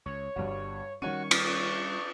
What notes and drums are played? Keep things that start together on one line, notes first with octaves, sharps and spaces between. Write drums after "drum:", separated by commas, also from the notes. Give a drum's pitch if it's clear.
C#2 C#5
G1 G2 G3 F#4
D#3 G3 C#4 F#4 C#5 C#6 D#7
D5, drum: cymbal